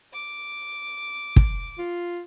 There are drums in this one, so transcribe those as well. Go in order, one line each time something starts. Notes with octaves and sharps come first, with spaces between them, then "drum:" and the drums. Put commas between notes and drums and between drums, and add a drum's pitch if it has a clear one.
D6
drum: kick
F4